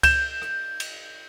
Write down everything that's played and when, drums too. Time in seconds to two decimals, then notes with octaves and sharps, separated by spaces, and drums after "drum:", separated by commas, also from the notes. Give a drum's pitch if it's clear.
0.03 G6 E7, drum: kick C#2, cymbal
0.42 drum: rim click
0.80 drum: cymbal